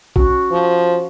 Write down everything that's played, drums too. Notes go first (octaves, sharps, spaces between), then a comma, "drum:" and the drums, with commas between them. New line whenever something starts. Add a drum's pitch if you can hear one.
C#4 F#4, drum: kick
F3